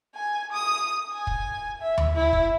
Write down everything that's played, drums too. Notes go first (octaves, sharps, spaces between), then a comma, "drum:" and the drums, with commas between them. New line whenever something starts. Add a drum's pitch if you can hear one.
G#5
D#6
G#5
drum: kick
E5
drum: tom D#2
E4
drum: kick